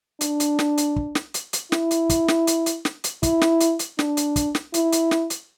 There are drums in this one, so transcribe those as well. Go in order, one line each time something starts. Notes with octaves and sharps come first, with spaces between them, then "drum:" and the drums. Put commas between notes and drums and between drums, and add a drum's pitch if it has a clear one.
D4, drum: hi-hat
drum: hi-hat
drum: snare
drum: hi-hat
drum: kick
drum: snare
drum: hi-hat
drum: hi-hat
E4, drum: snare
drum: hi-hat
drum: kick, hi-hat
drum: snare
drum: hi-hat
drum: hi-hat
drum: snare
drum: hi-hat
E4, drum: kick, hi-hat
drum: snare
drum: hi-hat
drum: hi-hat
D4, drum: snare
drum: hi-hat
drum: kick, hi-hat
drum: snare
E4, drum: hi-hat
drum: hi-hat
drum: snare
drum: hi-hat